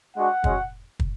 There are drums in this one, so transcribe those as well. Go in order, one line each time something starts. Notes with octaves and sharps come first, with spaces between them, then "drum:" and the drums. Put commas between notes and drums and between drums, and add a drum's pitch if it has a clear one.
G#3 D4 F#4 F#5
G#3 C#4 F#4, drum: kick
drum: kick